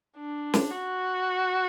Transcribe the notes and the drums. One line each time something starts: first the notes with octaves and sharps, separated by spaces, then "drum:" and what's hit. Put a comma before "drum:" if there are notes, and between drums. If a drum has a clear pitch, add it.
D4
drum: snare
F#4